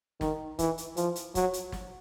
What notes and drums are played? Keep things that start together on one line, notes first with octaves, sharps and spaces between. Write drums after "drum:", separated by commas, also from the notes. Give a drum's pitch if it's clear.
D#3, drum: snare
E3, drum: kick, hi-hat
drum: hi-hat
F3, drum: hi-hat
drum: hi-hat
F#3, drum: kick, hi-hat
drum: hi-hat
drum: snare